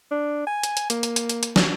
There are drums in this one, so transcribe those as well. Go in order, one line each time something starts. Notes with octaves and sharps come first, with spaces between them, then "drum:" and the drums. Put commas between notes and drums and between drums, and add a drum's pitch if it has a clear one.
D4
G#5
drum: hi-hat
drum: hi-hat
A#3, drum: hi-hat
drum: hi-hat
drum: hi-hat
drum: hi-hat
drum: hi-hat
drum: snare